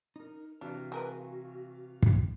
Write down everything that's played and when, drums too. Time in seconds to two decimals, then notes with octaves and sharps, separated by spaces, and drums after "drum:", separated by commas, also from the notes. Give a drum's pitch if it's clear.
0.16 D#4 A#4
0.61 C3 E3 D4 F#4 F5
0.92 G#3 A#4 B4
2.03 drum: kick